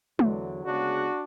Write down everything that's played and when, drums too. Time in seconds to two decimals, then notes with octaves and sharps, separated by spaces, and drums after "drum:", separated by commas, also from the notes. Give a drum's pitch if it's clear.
0.19 E2 D3 F#3, drum: tom G#3
0.64 D2 C#3 G#3 B3 D4 F#4